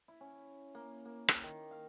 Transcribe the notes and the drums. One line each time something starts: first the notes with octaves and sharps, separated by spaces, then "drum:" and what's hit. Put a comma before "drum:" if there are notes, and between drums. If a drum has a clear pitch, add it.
E4
C#4
A#3
A#3
drum: rim click
D#3
F5